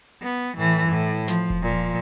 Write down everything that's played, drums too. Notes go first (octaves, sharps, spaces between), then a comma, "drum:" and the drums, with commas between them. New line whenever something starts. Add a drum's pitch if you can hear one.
B3
A2 E3
A2
F3, drum: snare
drum: kick E1
A#2 F3